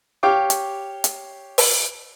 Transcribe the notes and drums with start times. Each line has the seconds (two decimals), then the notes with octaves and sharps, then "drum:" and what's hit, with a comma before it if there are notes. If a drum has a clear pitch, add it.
0.23 G4 C#5 F5 G5 D6
0.50 drum: hi-hat
1.04 drum: hi-hat
1.58 drum: open hi-hat